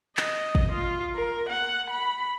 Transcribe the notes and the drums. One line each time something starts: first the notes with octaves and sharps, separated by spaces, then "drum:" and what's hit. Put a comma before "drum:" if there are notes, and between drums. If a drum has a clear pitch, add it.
D#5, drum: clap
drum: kick
F4
A#4
F#5
B5